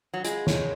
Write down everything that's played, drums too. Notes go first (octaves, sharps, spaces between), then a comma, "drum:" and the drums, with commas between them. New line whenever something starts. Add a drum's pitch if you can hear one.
F#3
G#3 F4, drum: hi-hat
C#5, drum: snare